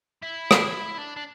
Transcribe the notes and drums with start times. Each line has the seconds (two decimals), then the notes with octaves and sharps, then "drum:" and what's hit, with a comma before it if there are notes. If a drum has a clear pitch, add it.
0.23 E4
0.51 drum: rim click
0.98 D4
1.17 D4